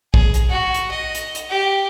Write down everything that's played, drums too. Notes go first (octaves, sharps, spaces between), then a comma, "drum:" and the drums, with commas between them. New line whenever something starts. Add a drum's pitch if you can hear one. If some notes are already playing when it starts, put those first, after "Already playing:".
G#4, drum: kick
drum: hi-hat
F#4
drum: hi-hat
D#5
drum: hi-hat
drum: hi-hat
G4